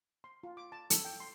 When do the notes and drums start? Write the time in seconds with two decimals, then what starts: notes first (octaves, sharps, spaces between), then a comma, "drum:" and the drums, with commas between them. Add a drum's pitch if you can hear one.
0.24 C6
0.43 F4
0.57 D6
0.72 A5
0.90 A4, drum: hi-hat
1.05 G5
1.20 C6